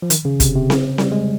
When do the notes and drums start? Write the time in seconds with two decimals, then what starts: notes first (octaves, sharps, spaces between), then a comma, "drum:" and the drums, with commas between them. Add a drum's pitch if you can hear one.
0.02 F3
0.10 D#3, drum: hi-hat
0.25 C#3
0.40 C3, drum: kick, hi-hat
0.55 C3
0.70 C#3, drum: snare C4
0.98 G3, drum: snare C4
1.12 G#3